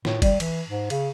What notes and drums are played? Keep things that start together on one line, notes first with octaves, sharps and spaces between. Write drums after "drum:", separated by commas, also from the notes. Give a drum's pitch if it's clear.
A2, drum: snare
G3, drum: kick G1, cymbal
E3, drum: cymbal
G#2
C#3, drum: cymbal